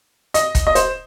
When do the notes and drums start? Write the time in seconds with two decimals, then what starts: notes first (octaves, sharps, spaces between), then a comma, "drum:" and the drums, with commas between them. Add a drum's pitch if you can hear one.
0.34 D#5, drum: hi-hat
0.55 drum: kick, hi-hat
0.67 D#5
0.75 C5, drum: hi-hat